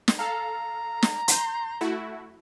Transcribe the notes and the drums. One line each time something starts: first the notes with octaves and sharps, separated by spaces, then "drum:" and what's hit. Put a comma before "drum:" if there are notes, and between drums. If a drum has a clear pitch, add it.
drum: snare
A4 F5 A#5
drum: snare
C6 G6, drum: hi-hat
A3 E4 F#4